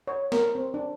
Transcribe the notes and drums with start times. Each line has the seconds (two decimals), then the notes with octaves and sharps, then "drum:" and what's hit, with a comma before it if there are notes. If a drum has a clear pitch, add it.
0.07 C#5
0.32 A#4, drum: snare
0.55 C4
0.74 D4